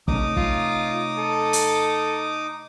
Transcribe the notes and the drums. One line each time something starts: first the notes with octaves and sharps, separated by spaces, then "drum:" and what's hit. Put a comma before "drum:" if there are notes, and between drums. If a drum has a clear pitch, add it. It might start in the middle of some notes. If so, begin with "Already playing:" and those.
C3 A3 C#4 D#4 D6 D#6, drum: kick
F4, drum: kick
A4
drum: hi-hat